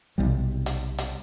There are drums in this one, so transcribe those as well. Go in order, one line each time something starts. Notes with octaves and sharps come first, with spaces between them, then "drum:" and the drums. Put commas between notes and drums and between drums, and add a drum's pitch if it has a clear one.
B1 C3 G3
drum: hi-hat
drum: hi-hat